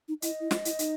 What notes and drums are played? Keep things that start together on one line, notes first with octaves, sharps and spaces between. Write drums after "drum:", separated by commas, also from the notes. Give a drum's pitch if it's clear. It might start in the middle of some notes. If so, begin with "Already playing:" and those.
D#4
E4 D#5, drum: hi-hat
E4
F4, drum: snare
E4, drum: hi-hat
D#4, drum: hi-hat